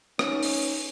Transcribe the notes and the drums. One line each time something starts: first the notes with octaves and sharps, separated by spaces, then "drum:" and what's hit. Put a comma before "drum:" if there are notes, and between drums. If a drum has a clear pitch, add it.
C#4 D#4, drum: rim click
drum: open hi-hat